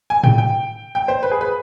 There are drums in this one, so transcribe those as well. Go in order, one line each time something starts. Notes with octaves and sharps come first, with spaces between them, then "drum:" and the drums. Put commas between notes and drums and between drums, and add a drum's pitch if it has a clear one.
G#5
G5, drum: tom G#2
G5
G5
C5
B4
G#4
B4